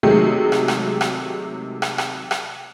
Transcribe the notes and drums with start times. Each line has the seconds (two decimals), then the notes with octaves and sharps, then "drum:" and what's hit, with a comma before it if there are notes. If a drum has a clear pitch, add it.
0.03 C3 D#3 F#3 G#3 A3
0.52 drum: rim click
0.68 drum: rim click
1.01 drum: rim click
1.82 drum: rim click
1.98 drum: rim click
2.31 drum: rim click